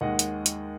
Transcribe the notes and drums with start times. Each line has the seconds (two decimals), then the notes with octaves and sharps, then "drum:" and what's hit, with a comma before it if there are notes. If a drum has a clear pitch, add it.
0.01 D#2 D#3 G#3 D#5 F#5
0.19 drum: hi-hat
0.46 drum: hi-hat